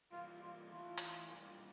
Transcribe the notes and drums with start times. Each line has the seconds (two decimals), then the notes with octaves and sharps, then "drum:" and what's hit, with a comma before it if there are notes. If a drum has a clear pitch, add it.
0.12 E3 G3 A#3 F4
0.43 F4
0.71 E3 A3 E4 F4
0.97 drum: hi-hat
1.30 A#2 G3 A#3 D4 F4